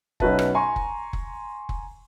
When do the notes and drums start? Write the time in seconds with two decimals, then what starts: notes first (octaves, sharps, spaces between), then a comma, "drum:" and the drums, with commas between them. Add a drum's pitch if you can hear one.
0.20 B1 C#4 F#4 B4 E5 A5, drum: kick F1
0.39 drum: rim click
0.55 G#5 A#5 C6 C#6
0.76 drum: kick F1
1.13 drum: kick F1
1.69 drum: kick F1